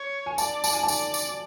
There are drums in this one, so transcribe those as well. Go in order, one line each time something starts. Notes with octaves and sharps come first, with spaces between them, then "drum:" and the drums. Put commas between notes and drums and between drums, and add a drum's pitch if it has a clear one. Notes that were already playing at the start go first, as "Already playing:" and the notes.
Already playing: C#5
G#5
D5 A5, drum: tambourine
A5, drum: tambourine
G#5
A5
D5, drum: tambourine
drum: tambourine